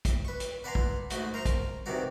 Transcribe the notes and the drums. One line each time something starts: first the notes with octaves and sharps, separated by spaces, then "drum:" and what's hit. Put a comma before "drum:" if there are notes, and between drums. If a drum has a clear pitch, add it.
drum: kick, hi-hat
B4 C#6
drum: hi-hat
B4 D5 F#5 G#5 A#5 C6
drum: kick
G#2 A3 F#4, drum: hi-hat
A#4 C5 A#5 C#6
drum: kick, hi-hat
C3 D#3 E3 D#4 F#4 D5